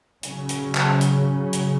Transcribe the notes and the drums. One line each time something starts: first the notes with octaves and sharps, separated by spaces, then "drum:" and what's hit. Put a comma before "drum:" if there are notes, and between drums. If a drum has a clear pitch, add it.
C#3 F#3 C#4, drum: hi-hat
drum: hi-hat
drum: clap
drum: hi-hat
drum: hi-hat